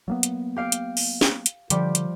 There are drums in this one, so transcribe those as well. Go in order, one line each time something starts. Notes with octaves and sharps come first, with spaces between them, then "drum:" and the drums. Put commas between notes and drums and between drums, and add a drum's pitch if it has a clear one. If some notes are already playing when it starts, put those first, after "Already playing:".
F#3 A#3 B3
drum: hi-hat
G4 F5 D7
drum: hi-hat
drum: open hi-hat
drum: snare
drum: hi-hat
D3 F3 G3 G4, drum: hi-hat
drum: hi-hat